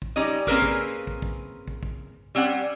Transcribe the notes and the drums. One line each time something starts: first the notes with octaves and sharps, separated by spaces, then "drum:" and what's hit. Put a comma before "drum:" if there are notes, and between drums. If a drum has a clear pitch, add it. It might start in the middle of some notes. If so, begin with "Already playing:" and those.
drum: kick
G3 C#4 D#4 D#5
A#3 C4 C#4 G#4 A#4 B4, drum: kick
drum: kick
drum: kick
drum: kick
drum: kick
drum: kick
G3 C4 C#4 F#5